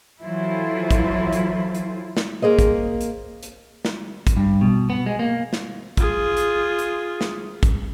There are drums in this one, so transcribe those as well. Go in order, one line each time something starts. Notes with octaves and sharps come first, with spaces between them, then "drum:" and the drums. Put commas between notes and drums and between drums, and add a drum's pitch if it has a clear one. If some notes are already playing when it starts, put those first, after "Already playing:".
E3 F#3 E4 F4 A4 C5
drum: kick, hi-hat
drum: hi-hat
drum: hi-hat
drum: snare
A#3 G#4 C5 D#5
drum: kick, hi-hat
drum: hi-hat
drum: hi-hat
drum: snare
drum: kick, hi-hat
G2
B2
B3
G#3
A#3
drum: snare
F4 G#4, drum: kick, hi-hat
drum: hi-hat
drum: hi-hat
drum: snare
drum: kick, hi-hat